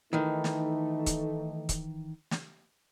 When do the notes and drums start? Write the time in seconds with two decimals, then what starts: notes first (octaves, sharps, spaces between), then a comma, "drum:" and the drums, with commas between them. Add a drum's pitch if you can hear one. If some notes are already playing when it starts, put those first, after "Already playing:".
0.13 D#3 E3 A3 D#4
0.44 drum: snare
1.06 drum: kick C#1, hi-hat
1.69 drum: kick C#1, hi-hat
2.31 drum: snare